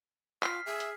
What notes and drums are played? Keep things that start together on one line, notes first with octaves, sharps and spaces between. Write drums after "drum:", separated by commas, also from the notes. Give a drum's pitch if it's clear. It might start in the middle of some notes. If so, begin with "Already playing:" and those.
F4 F6 B6 C7, drum: clap
G#4 E5
drum: hi-hat